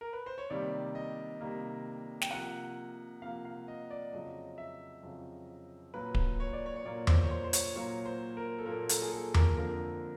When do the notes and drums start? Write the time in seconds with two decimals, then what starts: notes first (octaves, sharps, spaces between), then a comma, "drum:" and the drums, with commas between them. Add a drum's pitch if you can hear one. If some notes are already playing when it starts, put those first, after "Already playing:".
0.01 A#4
0.13 B4
0.26 C5
0.38 C#5
0.50 C3 D#3 G3 A#3 D5
0.95 D#5
1.41 C3 D#3 G3 A#3
2.21 G5, drum: snare
2.31 C3 F3 A#3 F#5
3.22 C3 F3 A#3 F5
3.45 F5
3.68 D#5
3.91 D5
4.13 F2 C#3 F#3 D#5
4.58 E5
5.03 F2 C#3 F#3
5.94 A#2 F#3 A#3 B4
6.15 drum: kick D1
6.40 C#5
6.53 D5
6.66 C#5
6.76 C#5
6.85 A#2 F#3 A#3 D5
7.07 C5, drum: tom E2
7.23 C#5
7.31 C5
7.44 C5
7.53 C#5, drum: hi-hat
7.76 A#2 F#3 A#3 C#5
8.06 C5
8.37 A#4
8.59 A4
8.66 A#2 F#3 A#3 A#4
8.89 A4, drum: hi-hat
9.02 G#4
9.12 A4
9.34 A#4, drum: tom E2
9.57 F2 D3 F3 A#3 A#4